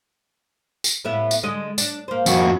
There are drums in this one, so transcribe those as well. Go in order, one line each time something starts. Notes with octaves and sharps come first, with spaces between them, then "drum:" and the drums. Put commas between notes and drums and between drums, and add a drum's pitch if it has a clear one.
drum: tambourine
A2 B3 E5
drum: tambourine
D3 G#3 D#5
D4, drum: tambourine
A#3 C5
F2 F#4, drum: tambourine